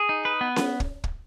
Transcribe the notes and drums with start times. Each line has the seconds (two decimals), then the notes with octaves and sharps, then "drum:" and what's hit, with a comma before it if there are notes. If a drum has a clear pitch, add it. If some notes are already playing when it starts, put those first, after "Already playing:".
Already playing: G#4
0.09 D#4
0.25 B4
0.41 B3
0.56 drum: snare C#4
0.80 drum: kick
1.04 drum: kick